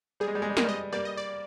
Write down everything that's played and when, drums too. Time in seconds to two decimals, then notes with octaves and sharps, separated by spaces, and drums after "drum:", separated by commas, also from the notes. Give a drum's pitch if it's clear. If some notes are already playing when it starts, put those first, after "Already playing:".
0.20 G3 G#4
0.28 G#3
0.35 G3
0.42 G#3
0.50 G3
0.57 G#3 A#4, drum: snare
0.64 G3 D#5
0.93 G3 A#3 D5
1.05 D#5
1.17 D5